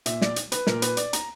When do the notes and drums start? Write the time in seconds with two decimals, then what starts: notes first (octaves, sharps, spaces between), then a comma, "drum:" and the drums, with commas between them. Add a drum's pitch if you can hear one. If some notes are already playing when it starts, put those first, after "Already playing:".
0.06 A#2 E5, drum: hi-hat
0.22 D5, drum: snare
0.36 drum: hi-hat
0.52 B4, drum: hi-hat
0.67 A#2 A#4, drum: snare
0.82 B4, drum: hi-hat
0.97 D5, drum: hi-hat
1.13 A#5, drum: hi-hat